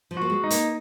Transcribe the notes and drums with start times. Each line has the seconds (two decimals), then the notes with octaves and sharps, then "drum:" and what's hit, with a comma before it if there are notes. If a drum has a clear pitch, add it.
0.11 F3
0.17 A#3 F#4
0.30 G#3
0.44 D#4
0.50 A#3, drum: hi-hat